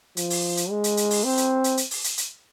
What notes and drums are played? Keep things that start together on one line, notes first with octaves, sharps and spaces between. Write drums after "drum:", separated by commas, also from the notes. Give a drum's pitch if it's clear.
F3, drum: hi-hat
drum: open hi-hat
drum: hi-hat
G#3
drum: hi-hat
drum: hi-hat
drum: open hi-hat
C4
drum: hi-hat
drum: hi-hat
drum: hi-hat
drum: open hi-hat
drum: hi-hat
drum: hi-hat